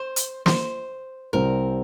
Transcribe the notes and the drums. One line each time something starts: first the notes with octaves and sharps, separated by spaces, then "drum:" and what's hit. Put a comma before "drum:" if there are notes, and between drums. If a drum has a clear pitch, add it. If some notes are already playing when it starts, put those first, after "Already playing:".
Already playing: C5
drum: hi-hat
C5, drum: snare
C2 C3 G3 C4 G4 A#4